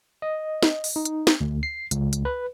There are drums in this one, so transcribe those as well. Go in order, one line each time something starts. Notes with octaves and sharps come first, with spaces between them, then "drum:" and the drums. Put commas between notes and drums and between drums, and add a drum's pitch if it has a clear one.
D#5
drum: snare
drum: open hi-hat
D#4
drum: hi-hat
drum: snare
D2
C7
C#2, drum: hi-hat
drum: hi-hat
B4